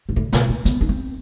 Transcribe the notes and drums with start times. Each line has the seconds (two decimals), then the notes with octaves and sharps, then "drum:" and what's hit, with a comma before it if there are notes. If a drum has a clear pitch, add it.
0.09 G2
0.16 A2
0.33 B2, drum: snare
0.49 A3
0.65 B3, drum: hi-hat
0.81 D4
0.89 C4